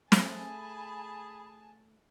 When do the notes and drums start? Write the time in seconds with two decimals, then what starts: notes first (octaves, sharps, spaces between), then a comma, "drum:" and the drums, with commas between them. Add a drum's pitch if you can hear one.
0.12 A3 G#4 G#5 A5 B5, drum: snare